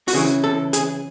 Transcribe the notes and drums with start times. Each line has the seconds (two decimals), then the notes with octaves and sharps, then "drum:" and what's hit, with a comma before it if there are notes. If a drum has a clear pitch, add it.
0.08 F#4, drum: open hi-hat
0.14 C#3 E3 G#4
0.44 A4
0.73 G#4, drum: hi-hat